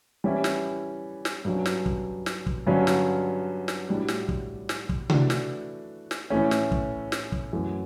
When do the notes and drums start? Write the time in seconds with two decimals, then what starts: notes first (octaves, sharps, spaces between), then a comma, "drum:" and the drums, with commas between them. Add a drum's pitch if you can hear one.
0.24 E3 G3 C#4 E4
0.44 drum: snare
1.25 drum: snare
1.45 G2 F#3 C#4
1.66 drum: snare
1.86 drum: kick
2.26 drum: snare
2.46 drum: kick
2.67 G2 D3 F#3 C#4
2.87 drum: snare
3.68 drum: snare
3.89 A2 G3 D4 F#4
4.08 drum: snare
4.29 drum: kick
4.69 drum: snare
4.89 drum: kick
5.10 E3 A3 D4 F#4, drum: tom C3
5.30 drum: snare
6.11 drum: snare
6.30 A2 E3 A3 C#4
6.51 drum: snare
6.72 drum: kick
7.12 drum: snare
7.32 drum: kick
7.53 F#2 E3 A3